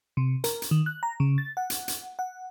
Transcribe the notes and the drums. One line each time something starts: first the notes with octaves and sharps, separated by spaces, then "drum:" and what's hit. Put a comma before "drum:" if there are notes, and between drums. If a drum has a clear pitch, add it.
C3
A#4, drum: hi-hat
drum: hi-hat
D#3
F#6
A#5
C#3
A6
F#5
drum: hi-hat
drum: hi-hat
F#5